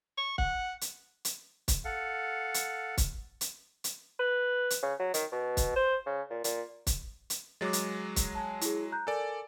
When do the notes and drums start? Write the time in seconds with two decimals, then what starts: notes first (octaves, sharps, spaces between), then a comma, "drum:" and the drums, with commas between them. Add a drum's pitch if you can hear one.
0.18 C#6
0.38 F#5, drum: kick
0.81 drum: hi-hat
1.25 drum: hi-hat
1.68 drum: kick, hi-hat
1.85 A4 F5 F#5
2.54 drum: hi-hat
2.98 drum: kick, hi-hat
3.41 drum: hi-hat
3.84 drum: hi-hat
4.20 B4
4.70 drum: hi-hat
4.83 C#3
4.99 F#3
5.14 D#3, drum: hi-hat
5.32 B2
5.57 drum: kick, hi-hat
5.76 C5
6.06 C#3
6.30 A#2
6.44 A#2, drum: hi-hat
6.87 drum: kick, hi-hat
7.30 drum: hi-hat
7.61 F#3 G#3 D6 A6
7.73 drum: hi-hat
8.16 drum: kick, hi-hat
8.35 G#5 A5
8.61 E4 G#4, drum: hi-hat
8.92 A#5 F#6 G6
9.07 A4 A#4 D5 G#5